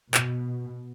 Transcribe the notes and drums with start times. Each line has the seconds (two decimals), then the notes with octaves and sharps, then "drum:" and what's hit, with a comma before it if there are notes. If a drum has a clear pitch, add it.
0.14 B2, drum: clap